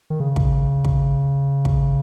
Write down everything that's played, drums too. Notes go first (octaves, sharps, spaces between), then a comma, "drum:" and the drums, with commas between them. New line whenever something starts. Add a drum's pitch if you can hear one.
D#3
C#3
drum: kick
drum: kick
drum: kick